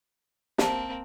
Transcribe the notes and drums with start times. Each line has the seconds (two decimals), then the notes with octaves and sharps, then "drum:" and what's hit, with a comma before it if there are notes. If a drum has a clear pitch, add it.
0.58 A#3 C4 C5 E5 A5, drum: snare